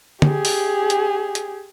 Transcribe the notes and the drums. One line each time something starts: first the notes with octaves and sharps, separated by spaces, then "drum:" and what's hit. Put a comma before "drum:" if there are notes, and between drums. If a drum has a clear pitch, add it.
G4 G#4, drum: tom
drum: open hi-hat
drum: hi-hat
drum: hi-hat